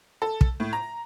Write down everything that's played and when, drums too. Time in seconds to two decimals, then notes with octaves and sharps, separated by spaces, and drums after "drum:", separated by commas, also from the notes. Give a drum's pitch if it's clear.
0.22 A4
0.41 drum: kick
0.60 A2
0.73 A#5